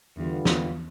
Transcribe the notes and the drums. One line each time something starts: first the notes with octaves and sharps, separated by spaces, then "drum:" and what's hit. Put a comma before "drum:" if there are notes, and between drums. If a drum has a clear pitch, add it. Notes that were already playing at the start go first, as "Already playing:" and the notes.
E2 D3 G3 B3 F4
E2, drum: snare